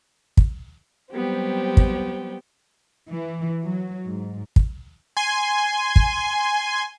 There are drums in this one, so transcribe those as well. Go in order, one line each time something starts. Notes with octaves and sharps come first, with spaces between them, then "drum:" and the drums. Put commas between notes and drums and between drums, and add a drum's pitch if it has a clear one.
drum: kick
F#3 G3 B3 C4 G4
drum: kick
E3
F#3
G#2
drum: kick
G#5 C6
drum: kick